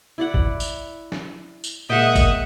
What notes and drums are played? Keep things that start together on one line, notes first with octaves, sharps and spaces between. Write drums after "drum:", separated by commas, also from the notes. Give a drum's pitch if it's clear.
E4 D5 F#5
drum: kick
drum: tambourine
drum: snare
drum: tambourine
A#2 G#3 D#5 E5 F#5 G5 D#6
drum: kick, tambourine